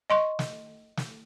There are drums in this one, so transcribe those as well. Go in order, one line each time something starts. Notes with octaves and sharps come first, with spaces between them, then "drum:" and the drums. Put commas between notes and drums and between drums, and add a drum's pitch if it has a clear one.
D#5 C6 C#6
drum: snare
drum: snare